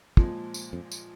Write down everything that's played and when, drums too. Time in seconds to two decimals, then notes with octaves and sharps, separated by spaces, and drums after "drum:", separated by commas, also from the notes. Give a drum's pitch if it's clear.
0.17 F2 A#2 F3 G#3, drum: kick
0.54 drum: tambourine
0.73 F2
0.92 drum: tambourine